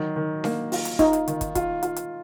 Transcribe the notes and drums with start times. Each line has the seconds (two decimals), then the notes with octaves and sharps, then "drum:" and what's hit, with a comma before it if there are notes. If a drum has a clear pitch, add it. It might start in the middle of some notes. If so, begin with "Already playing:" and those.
Already playing: D#3 F#3
0.16 D#3
0.44 A#3, drum: snare D4
0.72 F4, drum: open hi-hat
0.85 drum: hi-hat
0.99 D#4 F4, drum: kick, hi-hat
1.13 drum: hi-hat
1.28 D#3, drum: hi-hat
1.41 drum: kick, hi-hat
1.55 F4, drum: kick, hi-hat
1.83 F4, drum: hi-hat
1.96 drum: hi-hat